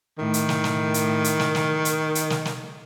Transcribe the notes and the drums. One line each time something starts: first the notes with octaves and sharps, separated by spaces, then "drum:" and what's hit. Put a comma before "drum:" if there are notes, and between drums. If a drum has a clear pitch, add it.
A2 D#3
drum: hi-hat
drum: snare
drum: snare
drum: hi-hat
drum: hi-hat
drum: snare
drum: snare
drum: hi-hat
drum: hi-hat
drum: snare
drum: snare